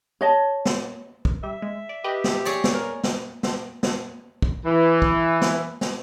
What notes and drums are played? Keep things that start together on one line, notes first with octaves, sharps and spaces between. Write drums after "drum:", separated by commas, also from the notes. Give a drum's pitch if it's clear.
C#5 D#5 A5
drum: snare
drum: kick
G3 E5
G#3
D5
G4 B4 D#5 G5
drum: snare
G#4 C#5 D5
drum: snare
A#4
drum: snare
drum: snare
drum: snare
drum: kick
E3
drum: kick
drum: snare
drum: snare